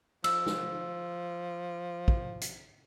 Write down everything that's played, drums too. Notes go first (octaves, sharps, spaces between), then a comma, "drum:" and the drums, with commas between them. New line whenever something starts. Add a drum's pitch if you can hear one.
F3 E6, drum: cymbal
drum: snare
drum: kick
drum: hi-hat